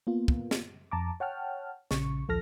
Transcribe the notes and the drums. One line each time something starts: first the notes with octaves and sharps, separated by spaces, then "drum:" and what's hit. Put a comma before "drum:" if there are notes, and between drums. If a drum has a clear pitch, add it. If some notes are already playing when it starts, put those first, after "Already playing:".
A#3 B3 F4
drum: kick
drum: snare
F2 A5 A#5 D6
C#5 F#5 G5 A5 F6
A#1 C#3 C#6, drum: snare
A#1 D#2 F3 A4 F6 A#6